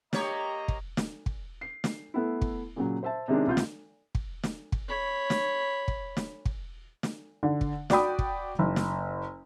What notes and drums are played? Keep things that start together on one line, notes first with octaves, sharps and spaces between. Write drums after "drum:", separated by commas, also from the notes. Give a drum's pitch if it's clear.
A#3 G4 C#5 D#5 A#5, drum: snare
drum: kick
drum: snare
drum: kick
C7
drum: snare
A3 B3 E4
drum: kick
A#2 C#3 F#3
C5 E5 A5
C3 D#3 G#3 C#4 D4
C2 F4 G6
drum: snare
drum: kick
drum: snare
drum: kick
C#5 B5
drum: snare
drum: kick
drum: snare
drum: kick
drum: snare
D3
drum: kick
F#4 D5 G5 B5 D#6, drum: snare
drum: kick
F#1
drum: snare